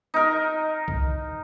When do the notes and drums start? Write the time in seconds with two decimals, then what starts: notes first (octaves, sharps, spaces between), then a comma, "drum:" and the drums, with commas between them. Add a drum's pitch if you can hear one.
0.14 D#4 A#4
0.88 drum: kick C2